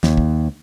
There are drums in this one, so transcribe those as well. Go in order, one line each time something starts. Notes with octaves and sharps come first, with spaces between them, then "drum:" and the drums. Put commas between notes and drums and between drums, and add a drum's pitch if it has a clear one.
D#2, drum: snare
drum: kick